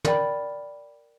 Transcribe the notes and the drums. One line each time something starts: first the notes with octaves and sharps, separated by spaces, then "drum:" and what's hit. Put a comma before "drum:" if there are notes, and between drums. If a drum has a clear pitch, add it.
A#4 D5 G5 B5, drum: tom